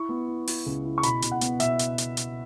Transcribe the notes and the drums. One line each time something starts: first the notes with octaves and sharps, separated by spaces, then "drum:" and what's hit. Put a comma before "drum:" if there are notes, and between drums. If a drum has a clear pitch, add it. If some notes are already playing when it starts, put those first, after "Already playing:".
Already playing: E4 C#6
B3
E4
E4, drum: open hi-hat
C#2
E4
C#6
B2 B5, drum: hi-hat
B2, drum: hi-hat
F#5
B3, drum: hi-hat
B2 E5, drum: hi-hat
drum: hi-hat
drum: hi-hat
drum: hi-hat